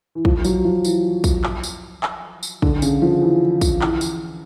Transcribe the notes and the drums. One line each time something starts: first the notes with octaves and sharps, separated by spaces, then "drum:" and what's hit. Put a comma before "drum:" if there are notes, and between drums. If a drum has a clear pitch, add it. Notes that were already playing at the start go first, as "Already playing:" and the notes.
E3
F3, drum: kick
F#3, drum: tambourine
F3
E3, drum: tambourine
drum: kick, tambourine
drum: clap
drum: tambourine
drum: clap
drum: tambourine
D3, drum: kick
C#3, drum: tambourine
F3
E3
drum: kick, tambourine
E3, drum: clap
drum: tambourine